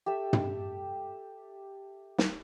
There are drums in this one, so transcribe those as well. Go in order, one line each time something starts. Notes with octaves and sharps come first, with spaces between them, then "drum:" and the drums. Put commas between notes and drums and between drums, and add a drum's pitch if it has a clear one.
G4 A4 E5
drum: tom
drum: snare